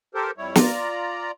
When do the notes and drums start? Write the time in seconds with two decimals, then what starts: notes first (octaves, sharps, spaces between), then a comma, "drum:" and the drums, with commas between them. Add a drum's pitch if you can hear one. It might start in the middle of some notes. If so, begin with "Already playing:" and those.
0.15 G4 A4 A#4 C5
0.38 F2 G3 E4 C#5
0.55 F4 D5 A#5, drum: snare